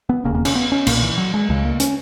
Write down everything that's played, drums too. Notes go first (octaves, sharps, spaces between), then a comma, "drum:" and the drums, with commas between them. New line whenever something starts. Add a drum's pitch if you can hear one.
B3
E1 D#2 C#3 A#3
A#3
C#4, drum: cymbal
B3
C#4
B1 A#2 A#3, drum: cymbal
E3
F#3
G#3
C#2 C#3 G#3
A#3
C#4, drum: hi-hat